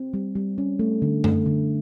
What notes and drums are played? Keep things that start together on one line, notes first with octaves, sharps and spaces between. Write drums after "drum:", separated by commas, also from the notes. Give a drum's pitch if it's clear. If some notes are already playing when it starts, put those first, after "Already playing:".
Already playing: C4
G3
G3
C#4
A3
D3
A3, drum: tom F#2
D3